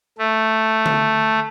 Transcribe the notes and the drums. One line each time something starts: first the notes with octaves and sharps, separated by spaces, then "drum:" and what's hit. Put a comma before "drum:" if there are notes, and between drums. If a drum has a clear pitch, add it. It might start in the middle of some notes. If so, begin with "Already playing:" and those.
A3
drum: tom D3